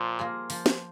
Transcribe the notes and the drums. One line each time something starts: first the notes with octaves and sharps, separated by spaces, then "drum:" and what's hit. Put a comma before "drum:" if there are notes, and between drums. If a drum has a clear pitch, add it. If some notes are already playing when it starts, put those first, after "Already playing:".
Already playing: A#2 F3
A#3 F4 G#4
F3, drum: open hi-hat
drum: snare